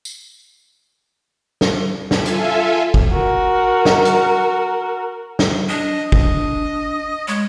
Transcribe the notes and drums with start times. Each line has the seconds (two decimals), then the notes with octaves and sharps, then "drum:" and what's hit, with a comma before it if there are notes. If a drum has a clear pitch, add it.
0.05 drum: tambourine
1.61 drum: snare
2.11 F4 A4 E5 G#5, drum: snare
2.26 drum: hi-hat
2.94 drum: kick
3.12 F#4 A#4
3.85 drum: snare
4.05 drum: hi-hat
5.39 drum: snare
5.69 D4 D#5
6.12 D#5, drum: kick
7.28 G#3 C#5